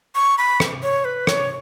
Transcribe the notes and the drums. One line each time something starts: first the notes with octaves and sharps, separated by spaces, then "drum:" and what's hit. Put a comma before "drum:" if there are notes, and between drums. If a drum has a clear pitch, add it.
C#6
B5
drum: rim click
C#5
B4
C#5, drum: rim click